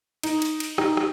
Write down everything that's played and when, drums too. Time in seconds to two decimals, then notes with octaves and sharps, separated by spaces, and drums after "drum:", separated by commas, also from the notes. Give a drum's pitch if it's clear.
0.23 D#4, drum: cymbal
0.42 drum: cymbal
0.60 drum: cymbal
0.78 D#4, drum: rim click
0.97 drum: rim click